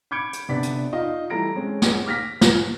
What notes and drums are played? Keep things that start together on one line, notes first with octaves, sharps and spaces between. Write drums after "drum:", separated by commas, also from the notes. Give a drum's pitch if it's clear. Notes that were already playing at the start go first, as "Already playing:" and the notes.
B5 D6 G6 G#6 C#7 D7
drum: hi-hat
F1 C3 B3 D4 D5 B6
drum: hi-hat
D#4 F4 D#5 F5
E3 G3 A3 A#5 A#6 D7
G#3 C4 C#4
drum: snare
D6 F6 A#6 B6
drum: snare